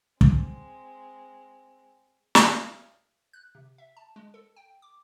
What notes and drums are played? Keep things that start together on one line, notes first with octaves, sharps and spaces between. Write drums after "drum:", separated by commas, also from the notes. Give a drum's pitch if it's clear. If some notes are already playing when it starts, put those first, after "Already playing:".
G#3 C4, drum: kick
drum: snare
F#6
C3
E5
A5
G#3
A4
G5
D6